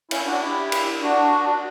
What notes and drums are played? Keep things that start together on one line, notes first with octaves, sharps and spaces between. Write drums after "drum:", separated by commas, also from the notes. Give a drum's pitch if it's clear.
C#4 E4, drum: cymbal
D4 F#4
E4 G4
drum: cymbal
D4 F#4